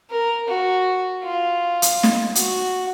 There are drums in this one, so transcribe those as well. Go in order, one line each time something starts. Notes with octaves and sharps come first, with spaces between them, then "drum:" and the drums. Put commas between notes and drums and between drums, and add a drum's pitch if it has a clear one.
A#4
F#4
F4
drum: hi-hat
drum: snare
F#4, drum: hi-hat